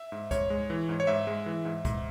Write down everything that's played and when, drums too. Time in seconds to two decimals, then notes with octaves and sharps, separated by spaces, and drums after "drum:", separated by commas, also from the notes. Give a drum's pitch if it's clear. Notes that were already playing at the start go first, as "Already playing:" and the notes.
Already playing: E5
0.12 G#2
0.31 G#2 C#5, drum: kick C#2, hi-hat
0.50 G#3
0.70 E3
0.89 G#2
1.00 C#5
1.07 G#2 E5
1.27 G#3
1.46 E3
1.65 G#2
1.85 G#2, drum: kick C#2, hi-hat